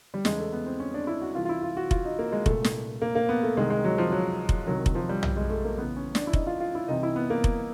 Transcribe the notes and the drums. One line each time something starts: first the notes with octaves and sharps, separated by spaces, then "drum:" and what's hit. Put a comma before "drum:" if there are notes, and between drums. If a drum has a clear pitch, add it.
G3
E2 C#3 E3 G#3, drum: snare
A3
B3
C4
C#4
D4
E4
F#4
C2 C3 E3 F4
F4
E4
F4
F#4
F4, drum: kick F1
D#4
A#3
G#3
C2 A#2 A3, drum: kick F1
drum: snare
A#3
A#3
B3
A3
C2 C3 D#3 G#3
G#3
F#3
F3
F#3
drum: kick F1
C2 C3 D#3 F#3
drum: kick F1
F3
G3
drum: tom
G#3
A3
A#3
C#2 C#3 E3 B3
C#4
D4, drum: snare
E4
D#4, drum: kick F1
F4
F4
E4
C2 C3 E3 D#4
E4
B3
A#3
drum: kick F1